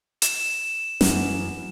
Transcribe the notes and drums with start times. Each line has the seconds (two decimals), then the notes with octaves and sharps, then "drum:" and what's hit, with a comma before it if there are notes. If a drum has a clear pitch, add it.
0.22 E7, drum: hi-hat
1.01 F#2 E3, drum: snare